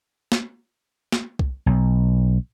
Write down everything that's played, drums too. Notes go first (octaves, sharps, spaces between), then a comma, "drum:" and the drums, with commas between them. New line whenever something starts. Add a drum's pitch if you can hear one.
drum: snare
drum: snare
drum: kick C2
B1